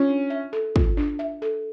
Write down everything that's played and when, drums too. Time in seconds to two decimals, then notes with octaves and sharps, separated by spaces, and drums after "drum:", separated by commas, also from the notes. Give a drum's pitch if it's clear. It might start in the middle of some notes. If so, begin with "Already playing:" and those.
Already playing: C#4 F4
0.09 D4
0.30 E5
0.53 A4
0.76 F4, drum: kick
0.97 D4
1.19 E5
1.42 A4